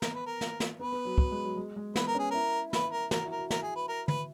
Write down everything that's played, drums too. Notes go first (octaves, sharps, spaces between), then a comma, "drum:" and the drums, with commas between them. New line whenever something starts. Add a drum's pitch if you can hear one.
B3 A#4, drum: snare
B4
A#4
drum: snare
drum: snare
B3 B4
B3
F#3
F#3, drum: kick
G#3
F#3
G#3
G#3
B3 B4, drum: snare
A#4
C#4 G#4
E4 A#4
B4, drum: snare
A#4
F#4 A#4, drum: snare
E4
A#4
F#4
A#4, drum: snare
G#4
B4
A#4
B4, drum: tom